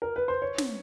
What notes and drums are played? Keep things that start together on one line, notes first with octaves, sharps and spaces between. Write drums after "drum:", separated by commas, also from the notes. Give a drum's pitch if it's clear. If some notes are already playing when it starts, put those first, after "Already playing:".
A#4
B4
C5
C#5
drum: snare